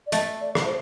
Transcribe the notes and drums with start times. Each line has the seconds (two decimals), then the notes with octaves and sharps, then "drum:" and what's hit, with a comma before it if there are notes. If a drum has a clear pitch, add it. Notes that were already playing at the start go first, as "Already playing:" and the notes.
0.07 D5
0.12 A3 D#5, drum: hi-hat
0.41 D5
0.55 drum: rim click
0.65 C5